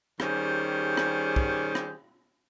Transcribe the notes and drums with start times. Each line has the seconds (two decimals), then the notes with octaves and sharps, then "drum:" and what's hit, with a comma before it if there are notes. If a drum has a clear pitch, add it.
0.20 D#3 G3 C#4 G4 G#4 C5, drum: rim click
0.97 drum: rim click
1.36 drum: kick
1.75 drum: rim click